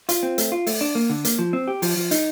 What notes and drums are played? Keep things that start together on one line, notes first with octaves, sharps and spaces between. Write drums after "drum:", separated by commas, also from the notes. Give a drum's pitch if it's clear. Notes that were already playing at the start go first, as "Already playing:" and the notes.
F4, drum: hi-hat
C4
A3, drum: hi-hat
F4
A3, drum: open hi-hat
D4
A#3
D3
A#3, drum: hi-hat
F3
C4
G4
F3, drum: open hi-hat
F3
D#4, drum: hi-hat